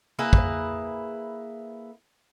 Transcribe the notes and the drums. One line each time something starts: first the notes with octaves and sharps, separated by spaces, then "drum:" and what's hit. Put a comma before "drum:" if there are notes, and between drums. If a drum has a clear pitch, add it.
A#3 E4 G#4 B4
drum: kick